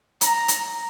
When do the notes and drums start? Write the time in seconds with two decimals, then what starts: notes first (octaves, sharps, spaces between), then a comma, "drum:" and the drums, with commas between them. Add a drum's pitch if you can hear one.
0.21 A#5, drum: hi-hat
0.48 drum: hi-hat